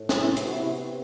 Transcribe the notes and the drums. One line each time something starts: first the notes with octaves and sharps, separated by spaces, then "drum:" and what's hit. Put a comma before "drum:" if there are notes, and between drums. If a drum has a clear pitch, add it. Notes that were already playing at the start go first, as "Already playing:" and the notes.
Already playing: A2
C3 E4, drum: snare
B3, drum: hi-hat
F#4
E4
C3